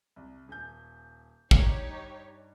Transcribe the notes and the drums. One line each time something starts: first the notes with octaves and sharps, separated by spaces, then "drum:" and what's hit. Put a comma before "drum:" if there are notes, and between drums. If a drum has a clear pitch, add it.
C2
D#1 G#5 G6
G2 D#4 G4 C#5 C#7, drum: kick